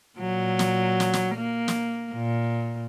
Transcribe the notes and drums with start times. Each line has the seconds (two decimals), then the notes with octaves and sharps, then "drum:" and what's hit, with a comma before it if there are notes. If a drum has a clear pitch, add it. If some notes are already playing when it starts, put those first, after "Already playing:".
0.18 A#2 F#3
0.59 drum: snare
1.00 drum: snare
1.13 drum: snare
1.36 A#3
1.68 drum: snare
2.14 A#2